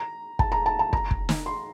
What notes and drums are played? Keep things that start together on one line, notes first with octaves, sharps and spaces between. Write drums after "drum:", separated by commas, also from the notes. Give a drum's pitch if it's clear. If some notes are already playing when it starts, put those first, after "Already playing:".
Already playing: A#5
A5, drum: kick
A#5
A5
A5
A#5, drum: kick
drum: kick
drum: snare
C6